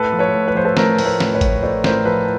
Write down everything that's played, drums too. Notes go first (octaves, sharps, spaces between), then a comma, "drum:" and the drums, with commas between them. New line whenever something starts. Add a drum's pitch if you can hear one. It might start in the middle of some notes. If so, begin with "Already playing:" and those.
Already playing: A2 A4 B4
F3
B4 C#5
A2
B4
F3 C5
A4 B4
A3 A#4 C5, drum: snare
A2, drum: open hi-hat
B4 C#5
A2, drum: snare
B4 C#5
A2, drum: kick G#1, hi-hat
A3 C5 D5
A2 A#4 C5, drum: snare
F3 A4 B4